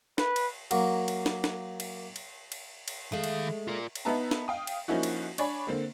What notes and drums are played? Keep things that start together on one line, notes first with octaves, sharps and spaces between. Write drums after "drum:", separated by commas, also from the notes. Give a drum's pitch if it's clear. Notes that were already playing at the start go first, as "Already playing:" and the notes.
B4, drum: snare
drum: cymbal
F#3 A#3, drum: cymbal
drum: cymbal
drum: snare
drum: snare
drum: cymbal
drum: cymbal
drum: cymbal
drum: cymbal
D#3 G#3 A3 F5
drum: cymbal
F4 A#4
drum: cymbal
B3 D#4 B4 E5 A5 A#5
drum: snare
F5 G5 D#6
drum: cymbal
F3 A#3 C#4 D#4 E4 F#4
drum: cymbal
D4 C#5 D5 G#5 B5, drum: cymbal
D3 A#3 C4